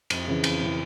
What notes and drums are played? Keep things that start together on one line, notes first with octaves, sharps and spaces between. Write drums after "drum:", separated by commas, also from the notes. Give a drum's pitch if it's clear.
F2, drum: cymbal
C#3 E3
F2, drum: cymbal
C#3 E3